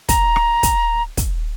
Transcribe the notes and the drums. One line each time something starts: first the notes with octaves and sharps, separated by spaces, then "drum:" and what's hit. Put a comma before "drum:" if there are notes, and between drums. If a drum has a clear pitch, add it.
A#5, drum: kick, hi-hat
drum: rim click
drum: kick, hi-hat
drum: kick, hi-hat